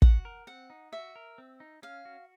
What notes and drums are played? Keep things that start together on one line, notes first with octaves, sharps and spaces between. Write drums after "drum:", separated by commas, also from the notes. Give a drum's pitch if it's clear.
F#4 F#5, drum: kick
A#4
C4 F#5
D#4
F#4 E5
A#4
C4
D#4
C#4 F5
F#4